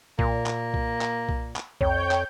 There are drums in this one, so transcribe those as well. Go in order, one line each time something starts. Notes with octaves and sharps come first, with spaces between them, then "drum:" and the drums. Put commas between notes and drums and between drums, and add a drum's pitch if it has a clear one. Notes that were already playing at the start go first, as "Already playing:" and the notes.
A#2 A#3, drum: kick B1
drum: clap
drum: kick B1
drum: clap
drum: kick B1
drum: clap
F2 C#5 G5 G6, drum: kick B1
drum: clap